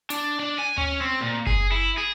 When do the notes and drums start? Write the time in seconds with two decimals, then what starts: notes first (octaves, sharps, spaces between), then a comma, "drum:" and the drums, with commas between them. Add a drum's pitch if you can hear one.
0.10 D4, drum: hi-hat
0.40 D4
0.59 G#5
0.78 C#4, drum: tom D2
1.01 C4
1.21 A#2
1.47 G#4, drum: kick F#1
1.72 E4
1.98 G#4